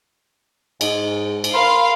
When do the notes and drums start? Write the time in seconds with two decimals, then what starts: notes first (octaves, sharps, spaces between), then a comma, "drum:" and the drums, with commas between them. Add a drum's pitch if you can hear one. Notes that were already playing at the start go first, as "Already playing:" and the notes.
0.81 G#2, drum: cymbal
1.44 drum: cymbal
1.54 A#4 F5 B5 C6